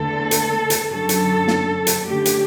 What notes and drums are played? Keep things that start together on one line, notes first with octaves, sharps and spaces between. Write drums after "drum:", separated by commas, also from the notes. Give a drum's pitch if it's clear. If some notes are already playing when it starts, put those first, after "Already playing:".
Already playing: E2 D3 A3 A4
drum: hi-hat
drum: hi-hat
F#2 D3 F#3 C#4 A4
drum: hi-hat
drum: snare
drum: hi-hat
D3 A3 C#4 G4
drum: hi-hat